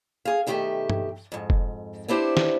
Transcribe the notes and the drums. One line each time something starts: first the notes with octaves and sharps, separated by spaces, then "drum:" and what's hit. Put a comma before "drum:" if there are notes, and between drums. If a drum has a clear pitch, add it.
G#4 F5
B2 D#3 A3 G4 B4 E5
drum: tom G2
F2 G#2
drum: kick F1
B3 C4 D4 E4 G4 C5
drum: snare